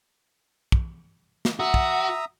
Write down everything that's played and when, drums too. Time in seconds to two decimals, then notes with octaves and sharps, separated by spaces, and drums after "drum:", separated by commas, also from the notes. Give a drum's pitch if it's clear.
0.72 drum: kick
1.45 drum: snare
1.60 F#4 E5 A#5 D#6
1.74 drum: kick